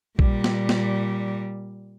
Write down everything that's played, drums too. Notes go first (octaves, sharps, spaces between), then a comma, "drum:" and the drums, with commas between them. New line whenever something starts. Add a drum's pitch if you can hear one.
A#2 G3, drum: kick A#1
drum: snare
drum: snare